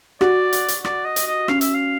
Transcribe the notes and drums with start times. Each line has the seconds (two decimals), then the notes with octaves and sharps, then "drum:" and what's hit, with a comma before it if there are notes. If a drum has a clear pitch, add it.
0.21 F#4 D5, drum: rim click
0.53 drum: hi-hat
0.68 drum: hi-hat
0.85 D5, drum: rim click
1.05 D#5
1.16 drum: hi-hat
1.27 D#5
1.48 C#4 F5, drum: rim click
1.61 E5, drum: hi-hat
1.74 F5